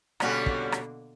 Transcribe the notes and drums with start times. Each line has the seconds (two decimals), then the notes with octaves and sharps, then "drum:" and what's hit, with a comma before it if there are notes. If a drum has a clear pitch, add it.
0.20 B2 D3 G3 A#3 C#4 F#4, drum: rim click
0.46 drum: kick
0.72 drum: rim click